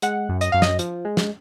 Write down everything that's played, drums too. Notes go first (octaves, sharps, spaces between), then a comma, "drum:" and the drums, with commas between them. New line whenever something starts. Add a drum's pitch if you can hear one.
G#3 F#5, drum: hi-hat
F#2
D#5, drum: hi-hat
F#2 F5
D#5, drum: snare
F3, drum: hi-hat
G#3
drum: snare